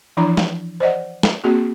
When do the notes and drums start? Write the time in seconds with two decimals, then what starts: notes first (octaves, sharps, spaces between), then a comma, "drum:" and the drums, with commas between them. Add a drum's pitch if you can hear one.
0.17 E3 F3 D4 E4 A#5
0.37 drum: snare
0.80 C5 D5 D#5 F#5
1.23 drum: snare
1.44 A#3 C4 F#4 G#4